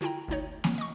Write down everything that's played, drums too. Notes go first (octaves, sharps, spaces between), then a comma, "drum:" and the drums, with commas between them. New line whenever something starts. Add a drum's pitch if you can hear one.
D3 E4 F4 G5 A#5
G1 D2 D#4 C#5
drum: snare A#3
D#5 C#6